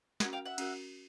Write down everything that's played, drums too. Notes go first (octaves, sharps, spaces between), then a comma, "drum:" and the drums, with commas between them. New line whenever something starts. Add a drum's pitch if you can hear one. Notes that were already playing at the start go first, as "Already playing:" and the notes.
C#4 F#4 A#4 F#5 G#5, drum: snare
F5 G5
E5 F#5
C#4 F#4 A#4, drum: cymbal